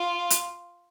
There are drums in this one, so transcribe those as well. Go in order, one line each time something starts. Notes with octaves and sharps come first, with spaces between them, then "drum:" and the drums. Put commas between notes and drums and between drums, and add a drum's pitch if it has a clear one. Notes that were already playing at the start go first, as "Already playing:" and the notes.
Already playing: F4
drum: hi-hat